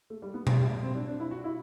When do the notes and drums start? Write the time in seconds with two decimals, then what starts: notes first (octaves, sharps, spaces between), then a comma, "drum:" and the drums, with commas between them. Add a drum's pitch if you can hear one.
0.10 A3
0.22 G3
0.34 B3
0.47 F#3, drum: tom B2
0.59 G3
0.71 G3
0.83 C4
0.95 D4
1.07 D4
1.20 E4
1.31 F#4
1.44 E4